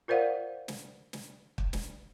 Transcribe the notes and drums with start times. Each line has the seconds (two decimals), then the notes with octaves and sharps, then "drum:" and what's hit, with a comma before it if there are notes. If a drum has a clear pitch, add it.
0.08 F4 A#4 C5 D5 F5 F#5
0.68 drum: snare
1.13 drum: snare
1.58 drum: kick
1.73 drum: snare